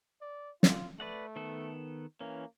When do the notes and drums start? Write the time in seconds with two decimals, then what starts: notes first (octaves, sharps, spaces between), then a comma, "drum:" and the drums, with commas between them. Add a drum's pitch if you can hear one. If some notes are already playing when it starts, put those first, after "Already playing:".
0.22 D5
0.63 F4, drum: snare
1.00 A3 B4 D5 F#5
1.36 D#3 B3 A4
2.21 E3 A#3 C#4